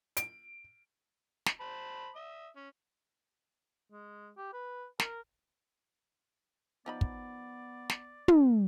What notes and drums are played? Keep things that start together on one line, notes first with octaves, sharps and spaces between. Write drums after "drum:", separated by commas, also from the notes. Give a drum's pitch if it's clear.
D7, drum: hi-hat
drum: snare
C5 A5 B5
E5 D#6
C#4
G#3
G4
B4
A#4, drum: snare
F3 B3 D#4 D5 B5
drum: kick
drum: snare
A4, drum: tom